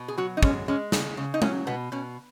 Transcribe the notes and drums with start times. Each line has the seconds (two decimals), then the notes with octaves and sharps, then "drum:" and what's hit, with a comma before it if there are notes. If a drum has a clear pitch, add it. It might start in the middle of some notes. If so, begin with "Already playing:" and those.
Already playing: B2
0.08 G#4
0.18 F#3 F#4
0.37 D#4
0.43 G#3 C#4, drum: kick
0.68 G#3 C#4
0.92 C#3, drum: snare
1.17 C#3
1.34 D#4
1.42 F#3 C#4, drum: tom
1.67 B2 B3
1.92 B2 C#4